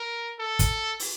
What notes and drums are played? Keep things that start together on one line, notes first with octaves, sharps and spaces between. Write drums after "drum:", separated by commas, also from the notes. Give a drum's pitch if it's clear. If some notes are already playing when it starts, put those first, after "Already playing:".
Already playing: A#4
A4
drum: kick, hi-hat
drum: open hi-hat